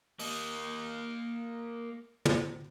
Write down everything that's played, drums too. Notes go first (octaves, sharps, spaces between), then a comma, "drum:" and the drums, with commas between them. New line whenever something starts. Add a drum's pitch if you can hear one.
A#3 D#5, drum: open hi-hat
drum: tom